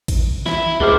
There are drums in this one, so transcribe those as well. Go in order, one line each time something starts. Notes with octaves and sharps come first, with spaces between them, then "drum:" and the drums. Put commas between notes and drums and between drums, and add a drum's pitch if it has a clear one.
drum: kick A1, cymbal
E4 E5, drum: snare
C#2 D3 G#4 C5 D6 F6